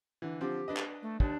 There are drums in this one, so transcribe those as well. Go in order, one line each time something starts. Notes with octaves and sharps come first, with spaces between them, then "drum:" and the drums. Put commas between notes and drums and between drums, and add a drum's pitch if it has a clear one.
D3 E3
D3 F3 C4 G4
D4 B4 D#5
drum: clap
A3
D#2 D4, drum: kick